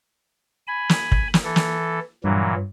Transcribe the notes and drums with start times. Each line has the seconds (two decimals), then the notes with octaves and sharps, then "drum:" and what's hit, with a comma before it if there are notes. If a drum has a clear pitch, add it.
0.67 G#5 B5
0.89 drum: snare
1.12 drum: kick
1.34 drum: snare
1.44 E3 A4
1.56 drum: snare
2.24 G2 A#2 E3 F#3